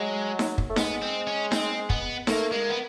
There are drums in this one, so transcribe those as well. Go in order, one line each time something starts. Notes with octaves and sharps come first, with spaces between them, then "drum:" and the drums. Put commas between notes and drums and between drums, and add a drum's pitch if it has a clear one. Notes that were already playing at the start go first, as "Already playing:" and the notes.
Already playing: F#3 G#3
drum: snare D#4
drum: kick
A3
G#3 B3, drum: snare D#4
C4
C#4
C4, drum: snare D#4
B3, drum: kick
A3 A#3, drum: snare D#4
G#3 A#3
B3